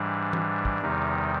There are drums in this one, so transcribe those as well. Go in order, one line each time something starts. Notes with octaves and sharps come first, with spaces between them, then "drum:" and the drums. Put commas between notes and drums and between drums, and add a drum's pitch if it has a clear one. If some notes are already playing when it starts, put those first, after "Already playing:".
Already playing: G#2 E3 G3 D4
drum: tom E3
drum: kick
E2 C3 D#3 G3 D#4